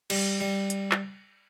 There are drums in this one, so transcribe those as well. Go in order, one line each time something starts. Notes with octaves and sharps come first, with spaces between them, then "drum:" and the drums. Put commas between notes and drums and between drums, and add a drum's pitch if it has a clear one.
G3, drum: cymbal
G3
drum: hi-hat
drum: clap